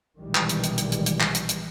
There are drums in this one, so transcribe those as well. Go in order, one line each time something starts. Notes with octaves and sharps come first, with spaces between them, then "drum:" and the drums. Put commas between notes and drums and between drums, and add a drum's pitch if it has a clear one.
A#1 B2 D#3 E3 G3 G#3
drum: clap
drum: hi-hat
drum: hi-hat
drum: hi-hat
drum: hi-hat
drum: hi-hat
drum: clap
drum: hi-hat
drum: hi-hat